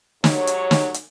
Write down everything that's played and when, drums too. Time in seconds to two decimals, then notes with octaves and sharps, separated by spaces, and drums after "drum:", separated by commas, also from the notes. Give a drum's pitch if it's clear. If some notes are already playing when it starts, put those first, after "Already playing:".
0.24 G#2 F#3 G4 C#5, drum: snare
0.47 drum: hi-hat
0.71 drum: snare
0.94 drum: hi-hat